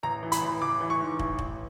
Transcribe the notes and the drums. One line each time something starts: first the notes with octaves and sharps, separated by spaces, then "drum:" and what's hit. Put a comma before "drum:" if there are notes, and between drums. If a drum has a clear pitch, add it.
A1 A#5
E3
B5, drum: hi-hat
A1
A1 D6
E3
C#6
G#2
A1, drum: kick
A1, drum: kick